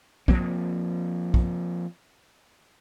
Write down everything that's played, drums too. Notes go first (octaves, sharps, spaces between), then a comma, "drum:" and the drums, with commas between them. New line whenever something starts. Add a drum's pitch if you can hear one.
F3 A#3 C4, drum: kick
drum: kick